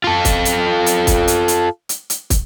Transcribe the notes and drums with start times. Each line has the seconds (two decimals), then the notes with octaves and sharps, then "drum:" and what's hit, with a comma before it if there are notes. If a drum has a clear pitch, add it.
0.04 F4 A4
0.25 drum: kick, hi-hat
0.45 drum: hi-hat
0.86 drum: hi-hat
1.07 drum: kick, hi-hat
1.27 drum: hi-hat
1.48 drum: hi-hat
1.89 drum: hi-hat
2.10 drum: hi-hat
2.30 drum: kick, hi-hat